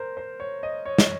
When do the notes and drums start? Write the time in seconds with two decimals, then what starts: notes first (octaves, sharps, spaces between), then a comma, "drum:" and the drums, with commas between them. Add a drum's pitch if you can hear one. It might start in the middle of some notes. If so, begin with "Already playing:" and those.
Already playing: A#4 C5
0.17 C5
0.40 C#5
0.63 D#5
0.85 C#5
0.98 drum: snare